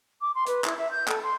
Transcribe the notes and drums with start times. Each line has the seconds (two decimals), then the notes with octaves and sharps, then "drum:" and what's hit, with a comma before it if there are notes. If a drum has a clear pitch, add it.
0.21 D6
0.34 C6
0.47 B4, drum: hi-hat
0.64 E4, drum: clap
0.78 E5
0.91 G6
1.08 A4, drum: clap
1.23 C6